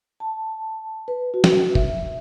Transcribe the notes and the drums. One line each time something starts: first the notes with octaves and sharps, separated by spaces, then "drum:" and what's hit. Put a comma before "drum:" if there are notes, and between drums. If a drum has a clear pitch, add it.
A5
B4
F#4
drum: snare
E5, drum: kick